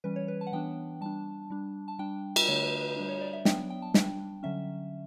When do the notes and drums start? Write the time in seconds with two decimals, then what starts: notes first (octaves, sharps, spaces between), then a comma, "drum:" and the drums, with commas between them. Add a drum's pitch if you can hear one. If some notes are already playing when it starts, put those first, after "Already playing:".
0.04 E3 G3 C#4 B4
0.16 C#5
0.28 B4
0.41 A5
0.47 F#5
0.53 E3 B3 D4 G5
1.01 G3 D4 A5
1.50 G3 D4
1.88 A5
1.99 G3 D4 G5
2.36 drum: cymbal
2.48 D3 A3 D4 C#5
2.64 B4
2.81 B4
2.96 G3 D4
3.09 C#5
3.21 D5
3.33 E5
3.45 F#3 B3 D4 G5, drum: snare
3.70 G5
3.82 A5
3.94 G3 D4 G5, drum: snare
4.43 D3 F#3 C#4 E5